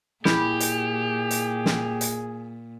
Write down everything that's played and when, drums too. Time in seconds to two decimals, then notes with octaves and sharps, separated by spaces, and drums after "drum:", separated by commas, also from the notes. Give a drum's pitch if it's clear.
0.25 A#2 E4 G4 G#4, drum: snare
0.60 drum: hi-hat
1.31 drum: hi-hat
1.66 drum: snare
2.01 drum: hi-hat